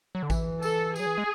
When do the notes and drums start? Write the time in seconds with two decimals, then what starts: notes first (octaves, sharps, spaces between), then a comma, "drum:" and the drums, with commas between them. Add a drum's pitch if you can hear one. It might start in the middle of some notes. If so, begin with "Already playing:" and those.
0.15 F#3
0.23 D3
0.30 E3, drum: kick A1, tambourine
0.62 A4, drum: tambourine
0.96 F#3 G#4, drum: tambourine
1.06 E3
1.18 G#3